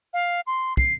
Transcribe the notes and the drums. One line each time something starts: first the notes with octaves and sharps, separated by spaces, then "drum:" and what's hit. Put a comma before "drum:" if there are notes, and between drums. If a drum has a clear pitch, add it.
F5
C6
C7, drum: kick